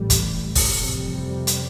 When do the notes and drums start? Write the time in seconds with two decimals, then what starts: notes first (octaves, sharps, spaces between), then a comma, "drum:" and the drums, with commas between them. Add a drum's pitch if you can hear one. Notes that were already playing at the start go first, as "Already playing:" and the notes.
Already playing: A1 A2 G3
0.10 drum: kick, hi-hat
0.55 drum: kick, open hi-hat
0.78 F2 C3 G3
1.47 drum: hi-hat